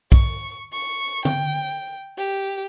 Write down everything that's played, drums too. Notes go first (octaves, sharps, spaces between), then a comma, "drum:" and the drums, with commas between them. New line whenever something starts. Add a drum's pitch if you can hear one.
C#6, drum: kick
C#6
G5, drum: tom D3
G4